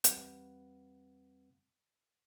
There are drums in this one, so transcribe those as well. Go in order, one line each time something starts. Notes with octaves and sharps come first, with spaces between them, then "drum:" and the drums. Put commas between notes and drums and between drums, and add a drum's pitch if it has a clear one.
E2 G3 C4 B4 F5 F#5, drum: hi-hat